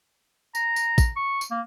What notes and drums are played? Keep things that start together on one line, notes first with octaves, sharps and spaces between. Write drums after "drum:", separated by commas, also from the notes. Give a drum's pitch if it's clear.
A#5, drum: tambourine
drum: tambourine
drum: kick, tambourine
C#6
drum: tambourine
A#3